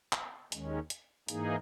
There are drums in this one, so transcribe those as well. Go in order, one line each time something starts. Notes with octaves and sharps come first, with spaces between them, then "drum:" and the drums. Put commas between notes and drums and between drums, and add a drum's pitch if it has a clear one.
drum: clap
D#2 D#3 G#3 C#4, drum: hi-hat
drum: hi-hat
G#2 E3 A#3 D#4 G#4, drum: hi-hat